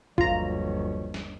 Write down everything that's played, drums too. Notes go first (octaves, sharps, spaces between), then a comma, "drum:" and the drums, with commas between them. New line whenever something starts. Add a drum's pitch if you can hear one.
G1 D#2 F3 F#3 F4 C#5 A#5, drum: kick G#1
drum: snare